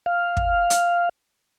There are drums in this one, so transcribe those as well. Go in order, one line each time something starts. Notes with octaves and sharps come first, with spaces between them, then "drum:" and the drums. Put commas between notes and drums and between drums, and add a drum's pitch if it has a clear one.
F5
drum: kick
drum: hi-hat